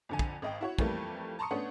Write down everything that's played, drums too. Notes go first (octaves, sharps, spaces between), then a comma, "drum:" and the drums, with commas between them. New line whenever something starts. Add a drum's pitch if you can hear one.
F2 D3 G#5
drum: kick
G#1 D#5 G5
E4 F#4 C#5
F2 E3 G3 A3 A#3, drum: kick
A5 A#5 C6 C#6 D#6 C#7
A3 B3 C#4 D4 C#5 F#5